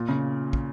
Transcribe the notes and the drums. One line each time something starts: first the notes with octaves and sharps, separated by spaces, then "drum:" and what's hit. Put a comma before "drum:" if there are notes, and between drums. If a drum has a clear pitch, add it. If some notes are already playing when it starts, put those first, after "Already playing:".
Already playing: A#2
C#3
drum: kick